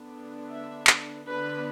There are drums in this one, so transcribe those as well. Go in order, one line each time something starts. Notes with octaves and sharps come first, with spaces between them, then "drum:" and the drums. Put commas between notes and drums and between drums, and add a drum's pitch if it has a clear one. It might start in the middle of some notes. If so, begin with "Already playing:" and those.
Already playing: D3 B3 D4
E5
drum: clap
D3 B3 D4 B4